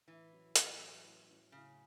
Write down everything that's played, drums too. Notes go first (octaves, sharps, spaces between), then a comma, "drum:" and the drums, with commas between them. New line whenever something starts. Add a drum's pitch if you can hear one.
A2 E3
F#3 C#4 E4
A2, drum: hi-hat
F#3 C#4 E4
A2
F#3 C#4 E4
A2 C#3